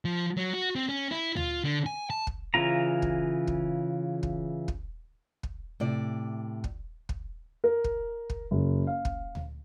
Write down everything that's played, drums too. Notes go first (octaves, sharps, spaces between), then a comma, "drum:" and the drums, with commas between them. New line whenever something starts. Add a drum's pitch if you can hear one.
F3
F#3
F#4
C4
C#4
E4
F4, drum: tom D2
D3
G#5
A5
drum: kick
C#3 E3 F4 A#5
drum: kick
drum: kick
drum: kick
drum: kick
drum: kick
A2 C3 D5
drum: kick
drum: kick
A#4
drum: kick
drum: kick
F#1
F5
drum: kick
drum: tom D2